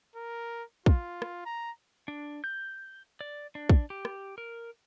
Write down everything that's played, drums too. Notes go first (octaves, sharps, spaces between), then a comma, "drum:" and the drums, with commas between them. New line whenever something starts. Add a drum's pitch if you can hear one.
A#4
F4, drum: kick
drum: rim click
A#5
D4
G6
D5
D4
drum: kick
G4
drum: rim click
A#4